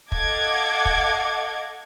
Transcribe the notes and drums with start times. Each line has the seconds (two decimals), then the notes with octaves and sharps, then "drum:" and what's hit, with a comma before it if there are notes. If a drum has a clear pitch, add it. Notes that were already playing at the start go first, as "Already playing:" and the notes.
0.12 A4 D#5 F5 F#5 D6 G#6, drum: kick
0.85 drum: kick